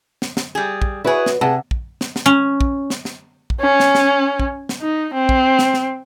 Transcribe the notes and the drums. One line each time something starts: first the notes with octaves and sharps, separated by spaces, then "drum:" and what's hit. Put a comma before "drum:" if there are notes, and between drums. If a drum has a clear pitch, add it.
drum: snare
drum: snare
G3 G#4
drum: kick
E4 F#4 G#4 B4 C#5
drum: snare
C3 G#4 F#5 A5
drum: kick
drum: snare
drum: snare
C#4
drum: kick
drum: snare
drum: snare
drum: kick
C#4
drum: snare
drum: snare
drum: kick
drum: snare
D#4
C4
drum: kick
drum: snare
drum: snare